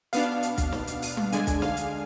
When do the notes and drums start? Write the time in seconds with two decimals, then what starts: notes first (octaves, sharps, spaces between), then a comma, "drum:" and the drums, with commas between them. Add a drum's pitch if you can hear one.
0.13 B2 B3 D4 F5, drum: open hi-hat
0.43 drum: hi-hat
0.58 drum: kick, hi-hat
0.72 drum: snare
0.87 drum: hi-hat
1.02 drum: open hi-hat
1.17 drum: tom G3
1.32 D3 G#3 D4 G#5, drum: hi-hat
1.47 drum: kick, hi-hat
1.62 F5, drum: snare
1.77 drum: hi-hat